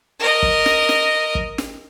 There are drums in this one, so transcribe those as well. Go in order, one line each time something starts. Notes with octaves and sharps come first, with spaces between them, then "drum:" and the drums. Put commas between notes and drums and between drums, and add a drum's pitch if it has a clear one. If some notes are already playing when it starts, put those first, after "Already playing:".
A#4 D#5
drum: kick
drum: snare
drum: snare
drum: kick
drum: snare